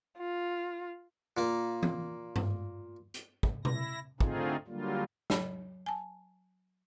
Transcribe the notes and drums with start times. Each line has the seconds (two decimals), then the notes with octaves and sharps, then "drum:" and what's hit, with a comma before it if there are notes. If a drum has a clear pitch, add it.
0.18 F4
1.37 A#2 A#3
1.83 drum: tom E3
2.36 drum: tom G2
3.14 drum: hi-hat
3.43 drum: kick
3.65 E4 A#6, drum: tom B2
4.20 D3 A3 C4 D#4 F4 G#4, drum: kick
4.68 D3 F#3 G3 A#3 F4
5.30 F#3 C#5 B5, drum: snare
5.86 G#5 A5